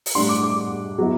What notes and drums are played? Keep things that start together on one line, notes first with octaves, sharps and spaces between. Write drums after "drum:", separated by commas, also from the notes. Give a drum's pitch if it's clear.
drum: open hi-hat
A2 G3 D4 C6
D6
D6
F#3 B3 E4